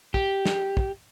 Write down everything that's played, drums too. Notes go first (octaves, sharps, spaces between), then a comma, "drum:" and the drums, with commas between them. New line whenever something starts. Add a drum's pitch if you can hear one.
G4, drum: kick
drum: snare
drum: kick